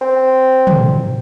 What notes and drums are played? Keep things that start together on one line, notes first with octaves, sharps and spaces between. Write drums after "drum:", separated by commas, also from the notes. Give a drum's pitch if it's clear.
C4
drum: tom